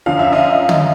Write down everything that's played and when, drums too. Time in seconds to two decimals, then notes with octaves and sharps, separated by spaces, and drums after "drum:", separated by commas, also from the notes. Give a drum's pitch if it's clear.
0.06 F#2 D3 F3 F5
0.19 E5
0.33 D#5 F5
0.69 drum: tom